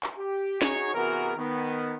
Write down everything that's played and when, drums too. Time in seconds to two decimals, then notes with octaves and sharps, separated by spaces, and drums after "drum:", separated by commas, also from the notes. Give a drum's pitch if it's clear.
0.03 drum: clap
0.17 G4
0.62 D#4 F#4 G#4 C#5, drum: snare
0.94 C3 E3 B3 F#4 G#4 A#4
1.37 D#3 B3